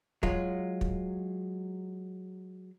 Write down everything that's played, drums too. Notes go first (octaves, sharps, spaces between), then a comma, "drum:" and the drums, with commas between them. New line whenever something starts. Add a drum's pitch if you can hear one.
F#3 G#3 F4, drum: kick
drum: kick